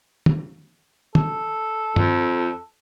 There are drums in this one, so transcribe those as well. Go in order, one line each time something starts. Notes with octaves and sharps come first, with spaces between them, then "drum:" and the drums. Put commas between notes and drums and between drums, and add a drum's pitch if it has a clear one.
drum: tom
A4, drum: tom
F2, drum: tom G2